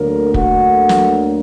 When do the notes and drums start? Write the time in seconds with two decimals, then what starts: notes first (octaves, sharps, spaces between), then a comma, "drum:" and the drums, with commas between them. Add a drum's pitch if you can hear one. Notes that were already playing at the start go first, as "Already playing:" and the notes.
Already playing: D2 D3 F#3 A#3 A#4
0.34 F#4, drum: kick
0.89 drum: snare